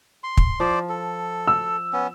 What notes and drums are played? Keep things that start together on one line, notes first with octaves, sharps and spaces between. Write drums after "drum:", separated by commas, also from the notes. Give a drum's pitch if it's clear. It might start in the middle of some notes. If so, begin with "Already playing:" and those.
C6
drum: kick
F3 C5 D5
A4
E6
B3 C#4